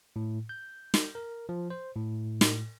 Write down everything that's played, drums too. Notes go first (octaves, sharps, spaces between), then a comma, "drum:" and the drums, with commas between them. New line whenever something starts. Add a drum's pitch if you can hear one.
A2
G6
drum: snare
A#4
F3
C5
A2
drum: snare